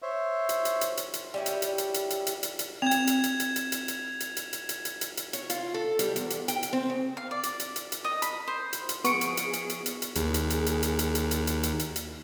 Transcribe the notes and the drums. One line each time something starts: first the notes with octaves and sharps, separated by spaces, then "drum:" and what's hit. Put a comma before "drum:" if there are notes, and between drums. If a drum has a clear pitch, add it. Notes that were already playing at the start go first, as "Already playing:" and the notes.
C5 C#5 E5
drum: hi-hat
drum: hi-hat
drum: hi-hat
drum: hi-hat
drum: hi-hat
G3 C#4 E4
drum: hi-hat
drum: hi-hat
drum: hi-hat
drum: hi-hat
drum: hi-hat
drum: hi-hat
drum: hi-hat
drum: hi-hat
C4 G#6 E7 F7
drum: hi-hat
drum: hi-hat
drum: hi-hat
drum: hi-hat
drum: hi-hat
drum: hi-hat
drum: hi-hat
drum: hi-hat
drum: hi-hat
drum: hi-hat
drum: hi-hat
drum: hi-hat
drum: hi-hat
drum: hi-hat
C#5, drum: hi-hat
F4, drum: hi-hat
A4
G3, drum: hi-hat
E2, drum: hi-hat
drum: hi-hat
G5, drum: hi-hat
drum: hi-hat
C4
C#3
F5
D5
drum: hi-hat
drum: hi-hat
drum: hi-hat
drum: hi-hat
D#5
B5, drum: hi-hat
C5
drum: hi-hat
drum: hi-hat
F3 B3 G#4 C#6 C#7 D7, drum: hi-hat
drum: hi-hat
drum: hi-hat
drum: hi-hat
drum: hi-hat
drum: hi-hat
drum: hi-hat
D#2 G#4, drum: hi-hat
drum: hi-hat
drum: hi-hat
drum: hi-hat
drum: hi-hat
drum: hi-hat
drum: hi-hat
drum: hi-hat
drum: hi-hat
drum: hi-hat
drum: hi-hat
drum: hi-hat